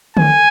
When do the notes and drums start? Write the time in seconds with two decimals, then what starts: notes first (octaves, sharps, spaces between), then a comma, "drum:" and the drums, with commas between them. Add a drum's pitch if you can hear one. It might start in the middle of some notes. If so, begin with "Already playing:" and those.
0.17 G#5, drum: tom D3